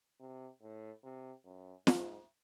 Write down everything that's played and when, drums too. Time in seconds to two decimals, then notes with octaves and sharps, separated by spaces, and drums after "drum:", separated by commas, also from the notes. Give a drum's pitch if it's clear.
0.20 C3
0.62 A2
1.04 C3
1.45 F#2
1.87 G#2, drum: snare